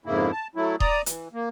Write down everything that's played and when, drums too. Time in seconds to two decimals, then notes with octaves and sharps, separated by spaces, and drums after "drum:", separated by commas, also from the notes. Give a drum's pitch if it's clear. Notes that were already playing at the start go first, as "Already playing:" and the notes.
0.06 F2 G#2 C#3 A#3 E4
0.32 A5
0.56 F#3 A3 E4
0.80 D5 A#5 D#6, drum: kick D#1
1.06 E3, drum: hi-hat
1.33 A#3